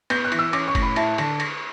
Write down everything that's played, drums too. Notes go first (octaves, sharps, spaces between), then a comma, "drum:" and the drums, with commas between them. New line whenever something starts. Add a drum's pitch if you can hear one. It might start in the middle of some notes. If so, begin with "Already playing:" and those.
B3 G6, drum: cymbal
F#6
E3, drum: cymbal
E6
C#4 D6, drum: cymbal
C#6
A2, drum: kick, cymbal
B5
E4 A5, drum: cymbal
D3 A5, drum: cymbal
drum: cymbal